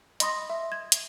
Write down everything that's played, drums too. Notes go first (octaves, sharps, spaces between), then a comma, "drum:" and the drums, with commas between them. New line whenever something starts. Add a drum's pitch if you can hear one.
D#5 B5 C6 D#6 A#6, drum: hi-hat
E5
G#6
drum: hi-hat